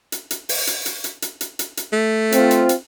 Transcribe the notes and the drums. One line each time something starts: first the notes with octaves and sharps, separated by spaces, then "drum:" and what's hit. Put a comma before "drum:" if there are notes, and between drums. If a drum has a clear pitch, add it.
drum: hi-hat
drum: hi-hat
drum: open hi-hat
drum: hi-hat
drum: hi-hat
drum: hi-hat
drum: hi-hat
drum: hi-hat
drum: hi-hat
drum: hi-hat
A3
C4 F4, drum: hi-hat
drum: hi-hat
drum: hi-hat